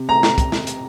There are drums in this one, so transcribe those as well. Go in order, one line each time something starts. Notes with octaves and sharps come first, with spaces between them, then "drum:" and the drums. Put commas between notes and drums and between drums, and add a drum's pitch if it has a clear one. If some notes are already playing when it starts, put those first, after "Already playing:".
Already playing: C3
A#5
drum: snare
drum: kick, hi-hat
drum: snare
drum: hi-hat